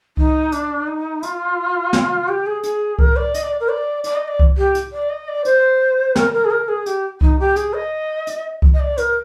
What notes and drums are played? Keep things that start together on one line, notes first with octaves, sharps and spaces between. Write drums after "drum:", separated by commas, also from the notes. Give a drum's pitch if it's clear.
D#4, drum: kick C2
D4, drum: hi-hat
D#4
F4, drum: hi-hat
drum: snare
G4
G#4
G#4, drum: hi-hat
A#4, drum: kick C2
D5
D#5, drum: hi-hat
D5
A#4
D5
D5, drum: hi-hat
D#5
D5
drum: kick C2
G4
drum: hi-hat
D5
D#5
D5
C5, drum: hi-hat
A#4, drum: snare
A#4
G#4
A#4
G#4
G4, drum: hi-hat
D#4, drum: kick C2
G4
G#4, drum: hi-hat
D#5
drum: hi-hat
drum: kick C2
D#5
D5
A#4, drum: hi-hat